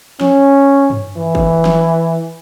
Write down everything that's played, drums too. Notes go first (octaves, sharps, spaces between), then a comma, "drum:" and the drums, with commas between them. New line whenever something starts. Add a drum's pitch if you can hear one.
C#4, drum: snare
drum: tom G2
E3
drum: kick
drum: snare